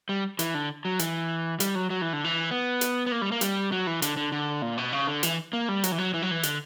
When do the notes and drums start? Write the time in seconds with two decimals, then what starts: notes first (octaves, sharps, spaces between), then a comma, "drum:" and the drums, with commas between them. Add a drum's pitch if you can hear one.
0.09 G3
0.39 E3, drum: hi-hat
0.54 D3
0.85 F#3
0.99 E3, drum: hi-hat
1.60 G3, drum: hi-hat
1.75 F#3
1.90 F#3
2.02 E3
2.13 D3
2.24 E3
2.51 B3
2.81 drum: hi-hat
3.06 B3
3.12 A#3
3.22 G3
3.32 A#3
3.41 G3, drum: hi-hat
3.72 F#3
3.87 E3
4.02 D3, drum: hi-hat
4.17 D3
4.32 D3
4.62 A#2
4.78 B2
4.93 C#3
5.07 D3
5.23 E3, drum: hi-hat
5.53 A#3
5.69 G3
5.84 F#3, drum: hi-hat
5.92 E3
5.98 F#3
6.14 E3
6.22 F#3
6.31 E3
6.43 D3, drum: hi-hat